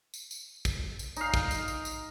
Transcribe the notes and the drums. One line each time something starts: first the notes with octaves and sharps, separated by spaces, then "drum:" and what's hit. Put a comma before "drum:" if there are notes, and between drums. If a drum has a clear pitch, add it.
drum: tambourine
drum: tambourine
drum: kick, tambourine
drum: tambourine
D#4 F5, drum: tambourine
drum: kick, tambourine
drum: tambourine
drum: tambourine
drum: tambourine